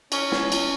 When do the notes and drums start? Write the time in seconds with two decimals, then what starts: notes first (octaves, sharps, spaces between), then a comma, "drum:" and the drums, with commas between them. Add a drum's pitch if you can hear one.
0.12 C#4, drum: cymbal
0.32 drum: snare
0.52 drum: cymbal